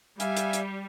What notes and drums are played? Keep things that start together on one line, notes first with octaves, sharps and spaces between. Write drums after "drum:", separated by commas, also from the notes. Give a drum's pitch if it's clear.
G3 E5 F5 G#5, drum: hi-hat
drum: hi-hat
drum: hi-hat